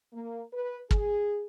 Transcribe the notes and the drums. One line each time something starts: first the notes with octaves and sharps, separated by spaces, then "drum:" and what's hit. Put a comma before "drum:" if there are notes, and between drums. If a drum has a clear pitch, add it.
A#3
B4
G#4, drum: kick